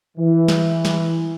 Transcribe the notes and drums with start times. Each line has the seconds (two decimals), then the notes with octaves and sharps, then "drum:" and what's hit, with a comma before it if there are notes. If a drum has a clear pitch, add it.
0.18 E3
0.48 drum: snare
0.85 drum: snare